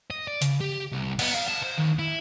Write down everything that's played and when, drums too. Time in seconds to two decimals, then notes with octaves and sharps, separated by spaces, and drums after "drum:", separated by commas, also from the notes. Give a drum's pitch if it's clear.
0.10 D#5
0.28 D5
0.42 C#3, drum: hi-hat
0.61 G4
0.92 C2
1.19 B3, drum: cymbal
1.34 F5
1.48 A5
1.63 C5
1.78 D#2
1.99 E4